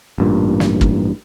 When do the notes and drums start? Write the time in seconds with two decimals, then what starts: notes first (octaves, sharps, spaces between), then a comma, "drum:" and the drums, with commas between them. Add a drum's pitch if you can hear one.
0.18 A1 G2 A#2
0.60 drum: snare
0.81 drum: kick